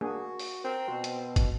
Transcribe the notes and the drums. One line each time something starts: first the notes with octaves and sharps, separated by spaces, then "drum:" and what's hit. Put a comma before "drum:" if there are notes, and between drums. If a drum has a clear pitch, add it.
A#3 D4 F#4 G#4
drum: open hi-hat
C4 A#4
B2 F#4 C5
drum: hi-hat
drum: kick, hi-hat